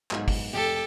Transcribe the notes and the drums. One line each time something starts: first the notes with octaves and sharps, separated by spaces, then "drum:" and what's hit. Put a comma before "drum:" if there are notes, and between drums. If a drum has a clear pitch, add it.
B1 G#2, drum: clap
drum: kick, open hi-hat
F1 G4 A4